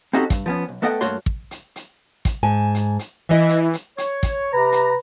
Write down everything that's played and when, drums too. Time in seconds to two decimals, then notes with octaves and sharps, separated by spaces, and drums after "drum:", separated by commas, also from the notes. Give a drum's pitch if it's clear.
0.13 C4 C#4 D#4 F#4 G4 A4
0.30 G2, drum: kick, hi-hat
0.46 F3 B3 C#4
0.69 B1
0.82 A3 B3 A4 D#5 F#5 G5
1.01 G2 A3 A#3 F#4 C#5 C6, drum: hi-hat
1.26 drum: kick
1.51 drum: hi-hat
1.76 drum: hi-hat
2.25 drum: kick, hi-hat
2.43 G#2 G#5 A5
2.75 drum: hi-hat
2.99 drum: hi-hat
3.29 E3 E4 D#5 E5
3.49 drum: hi-hat
3.73 drum: hi-hat
3.98 C#5, drum: hi-hat
4.23 drum: kick, hi-hat
4.53 C3 B4 A#5
4.72 drum: hi-hat